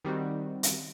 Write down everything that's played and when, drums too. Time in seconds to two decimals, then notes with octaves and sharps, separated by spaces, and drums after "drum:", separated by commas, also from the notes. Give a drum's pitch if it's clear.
0.05 D#3 G3 C4 F#4
0.63 drum: hi-hat